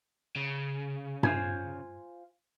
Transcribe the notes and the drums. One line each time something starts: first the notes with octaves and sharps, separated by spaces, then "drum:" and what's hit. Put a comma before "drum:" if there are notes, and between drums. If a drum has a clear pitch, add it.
C#3
F4 C5 G#5, drum: tom G2